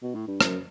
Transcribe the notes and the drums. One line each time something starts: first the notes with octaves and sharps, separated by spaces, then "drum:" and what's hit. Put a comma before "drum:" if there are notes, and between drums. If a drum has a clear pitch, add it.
B2
A2
G2
F#2, drum: rim click